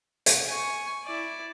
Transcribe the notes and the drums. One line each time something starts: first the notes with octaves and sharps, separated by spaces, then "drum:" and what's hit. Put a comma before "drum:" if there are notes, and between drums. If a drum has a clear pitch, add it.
drum: hi-hat
G#5 C#6
E4 D5